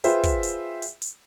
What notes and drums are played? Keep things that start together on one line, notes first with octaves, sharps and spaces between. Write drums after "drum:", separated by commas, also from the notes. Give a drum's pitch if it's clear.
F4 G#4 B4 C5 E5 G5, drum: hi-hat
drum: kick, hi-hat
drum: hi-hat
drum: hi-hat
drum: hi-hat